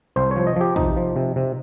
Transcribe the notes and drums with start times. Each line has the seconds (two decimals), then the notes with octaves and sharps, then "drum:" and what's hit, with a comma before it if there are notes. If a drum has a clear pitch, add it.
0.16 C2 C5
0.31 C#5
0.36 F3
0.47 D#5
0.56 F3 G4
0.76 C3 D#4, drum: kick
0.96 F3
1.16 C3
1.36 C3